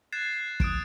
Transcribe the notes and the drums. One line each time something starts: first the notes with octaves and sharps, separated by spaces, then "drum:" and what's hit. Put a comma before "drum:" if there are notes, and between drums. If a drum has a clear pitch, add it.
F#6 G#6 A6 C7 E7
D#6 F#6 D7 E7, drum: kick